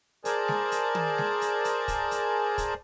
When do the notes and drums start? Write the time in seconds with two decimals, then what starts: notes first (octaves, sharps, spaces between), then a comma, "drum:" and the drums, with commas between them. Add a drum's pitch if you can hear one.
0.25 G#4 A#4 C5 D5 G#5 A5, drum: hi-hat
0.48 drum: snare G#3
0.72 drum: hi-hat
0.95 drum: tom
1.18 drum: snare G#3
1.41 drum: hi-hat
1.65 drum: hi-hat
1.88 drum: kick, hi-hat
2.11 drum: hi-hat
2.58 drum: kick, hi-hat